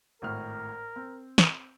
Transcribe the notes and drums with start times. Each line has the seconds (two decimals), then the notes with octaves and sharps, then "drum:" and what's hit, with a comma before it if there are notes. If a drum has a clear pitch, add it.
0.22 G#1 A2 A#4 F6
0.96 C4
1.38 drum: snare